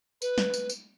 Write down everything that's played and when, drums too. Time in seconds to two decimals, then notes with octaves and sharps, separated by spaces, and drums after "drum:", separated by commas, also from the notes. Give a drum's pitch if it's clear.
0.22 B4, drum: tambourine
0.38 drum: snare
0.54 drum: tambourine
0.70 drum: tambourine